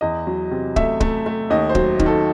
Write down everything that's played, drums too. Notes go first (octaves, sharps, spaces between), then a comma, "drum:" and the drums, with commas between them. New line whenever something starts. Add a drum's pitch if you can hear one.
E2 D#5
F#3
C3
A3 E5, drum: kick
A3, drum: kick
A3
D#2 D#5
C5
F#3, drum: kick
D#3, drum: kick
A4